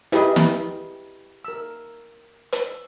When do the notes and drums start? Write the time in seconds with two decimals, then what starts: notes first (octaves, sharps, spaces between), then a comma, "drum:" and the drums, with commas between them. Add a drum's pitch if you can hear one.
0.12 E4 G4 G#4 B4 D#5, drum: hi-hat
0.36 drum: snare
1.45 A#4 E6
2.52 drum: hi-hat